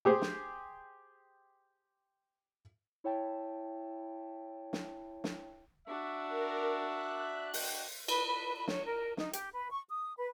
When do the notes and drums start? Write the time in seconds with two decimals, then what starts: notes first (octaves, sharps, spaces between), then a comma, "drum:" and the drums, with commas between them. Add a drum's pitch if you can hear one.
0.05 G4 G#4 C5
0.22 drum: snare
3.04 E4 C#5 E5 G5 A5
4.73 drum: snare
5.24 drum: snare
5.88 D4 F#4 D5 E5
6.28 A#4
6.85 F#6
7.54 D#5 G5, drum: open hi-hat
8.08 B4, drum: cymbal
8.27 B4
8.55 B5
8.68 C#5, drum: snare
8.85 A#4
9.17 D#4, drum: snare
9.33 G4, drum: hi-hat
9.53 B4
9.71 C#6
9.88 D#6
10.17 B4